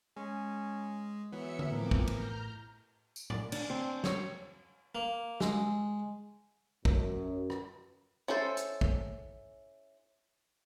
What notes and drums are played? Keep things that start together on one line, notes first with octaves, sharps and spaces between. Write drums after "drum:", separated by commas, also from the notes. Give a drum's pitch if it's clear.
G#3 C#4
E3 F#3 B3 E5 C#7
drum: tom D3
A2 F3 C4 A#4 D6
drum: kick
A#5 F6 G6, drum: cymbal
drum: tambourine
D5, drum: tom A2
D4, drum: cymbal
C4
C#5, drum: snare
A#3
G#3, drum: snare
F#2, drum: kick
drum: rim click
C#4 E4 A4 C5
drum: hi-hat
drum: kick